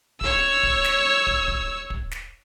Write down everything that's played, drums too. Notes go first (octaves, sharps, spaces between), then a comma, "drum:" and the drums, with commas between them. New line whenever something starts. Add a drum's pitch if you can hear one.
C#5 E6, drum: kick
drum: kick
drum: snare
drum: kick
drum: kick
drum: kick
drum: snare